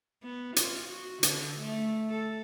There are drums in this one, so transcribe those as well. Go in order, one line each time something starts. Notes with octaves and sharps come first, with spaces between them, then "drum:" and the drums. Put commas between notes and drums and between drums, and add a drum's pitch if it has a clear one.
B3
F4, drum: hi-hat
F#4
D3, drum: hi-hat
A3
A4